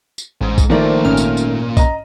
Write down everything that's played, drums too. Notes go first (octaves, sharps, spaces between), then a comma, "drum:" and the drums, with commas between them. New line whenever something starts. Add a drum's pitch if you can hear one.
drum: tambourine
A1 G#2
drum: kick B1, tambourine
D#3 F3 A3 A#3 A#4 C5 D5
G#1 A#2 C#4 F6
drum: tambourine
drum: tambourine
D#5 A#5, drum: kick B1, tambourine